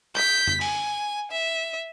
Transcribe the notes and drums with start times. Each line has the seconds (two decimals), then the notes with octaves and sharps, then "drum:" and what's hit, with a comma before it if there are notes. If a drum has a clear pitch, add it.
0.16 G6 B6, drum: clap
0.47 drum: tom
0.61 G#5, drum: open hi-hat
1.31 E5